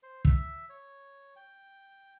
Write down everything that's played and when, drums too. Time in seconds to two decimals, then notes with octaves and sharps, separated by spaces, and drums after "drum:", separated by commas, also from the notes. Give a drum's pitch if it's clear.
0.03 C5
0.25 E5, drum: kick
0.69 C#5
1.36 G5